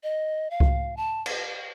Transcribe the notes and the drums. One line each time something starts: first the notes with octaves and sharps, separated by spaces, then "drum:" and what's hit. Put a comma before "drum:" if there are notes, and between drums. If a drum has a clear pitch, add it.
D#5
F5
drum: kick C2
A5
drum: cymbal